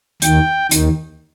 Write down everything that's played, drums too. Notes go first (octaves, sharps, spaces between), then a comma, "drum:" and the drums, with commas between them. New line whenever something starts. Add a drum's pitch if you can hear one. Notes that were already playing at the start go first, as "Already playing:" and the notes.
D#2 D#3 G5, drum: hi-hat
D#2 D#3, drum: hi-hat